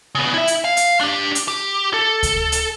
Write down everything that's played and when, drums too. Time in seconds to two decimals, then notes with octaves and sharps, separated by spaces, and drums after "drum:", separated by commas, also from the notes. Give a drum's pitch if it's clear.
0.15 C#3 B3
0.34 E4 E5
0.47 drum: hi-hat
0.64 F5
0.77 drum: hi-hat
1.01 D4 G4
1.35 drum: hi-hat
1.48 G4
1.94 A4
2.23 drum: kick D2, hi-hat
2.52 drum: hi-hat